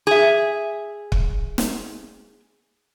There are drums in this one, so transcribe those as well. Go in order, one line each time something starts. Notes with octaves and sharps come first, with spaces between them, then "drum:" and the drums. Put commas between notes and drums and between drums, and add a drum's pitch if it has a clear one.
G#4 E5
drum: kick
drum: snare